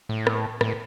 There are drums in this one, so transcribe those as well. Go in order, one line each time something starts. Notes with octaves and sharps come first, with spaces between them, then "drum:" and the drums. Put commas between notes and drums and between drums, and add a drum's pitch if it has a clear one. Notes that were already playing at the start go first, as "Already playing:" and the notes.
A2
drum: rim click
A2, drum: rim click